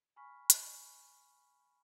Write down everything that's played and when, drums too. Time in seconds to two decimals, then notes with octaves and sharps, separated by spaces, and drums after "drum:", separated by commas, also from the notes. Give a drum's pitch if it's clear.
0.16 G#5 B5 C#6 F6 B6
0.50 drum: hi-hat